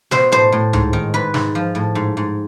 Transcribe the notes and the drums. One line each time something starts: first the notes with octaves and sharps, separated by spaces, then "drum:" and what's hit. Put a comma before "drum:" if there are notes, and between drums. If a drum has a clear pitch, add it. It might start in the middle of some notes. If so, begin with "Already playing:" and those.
B2 C5, drum: snare
A2 C5
A2
G#2, drum: tom C#2
D#3
G#2 B4
G#2, drum: snare
F3
A2
G#2
G#2